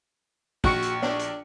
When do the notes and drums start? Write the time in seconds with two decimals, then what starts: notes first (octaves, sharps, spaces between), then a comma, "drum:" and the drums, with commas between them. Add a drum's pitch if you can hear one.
0.64 A#1 F#4 C#6 C#7, drum: kick
0.82 drum: hi-hat
1.02 D4, drum: snare
1.19 drum: hi-hat